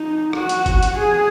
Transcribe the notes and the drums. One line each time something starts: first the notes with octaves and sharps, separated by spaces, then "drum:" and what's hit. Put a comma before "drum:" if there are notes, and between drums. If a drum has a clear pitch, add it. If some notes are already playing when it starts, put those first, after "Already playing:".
Already playing: D#4
F#4, drum: rim click
drum: hi-hat
drum: kick, hi-hat
drum: hi-hat
G#4